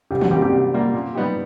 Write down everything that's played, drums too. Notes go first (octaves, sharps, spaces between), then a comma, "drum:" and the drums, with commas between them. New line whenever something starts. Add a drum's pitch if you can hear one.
C2 G4
F#4, drum: tom D#3
A#2 G3 A#3 G4
G4
C2
A#2 G3 A#3
A#2
G3 B3 D#4 G4